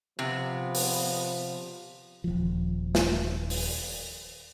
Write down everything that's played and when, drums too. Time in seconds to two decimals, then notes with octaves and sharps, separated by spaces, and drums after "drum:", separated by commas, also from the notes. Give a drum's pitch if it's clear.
0.19 C3 F3 B3
0.75 drum: open hi-hat
2.24 D#1 F3
2.95 drum: snare
3.50 drum: open hi-hat